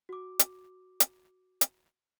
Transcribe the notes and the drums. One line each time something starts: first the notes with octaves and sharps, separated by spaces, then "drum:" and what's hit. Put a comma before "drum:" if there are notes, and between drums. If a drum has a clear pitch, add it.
F#4 D6
drum: hi-hat
drum: hi-hat
drum: hi-hat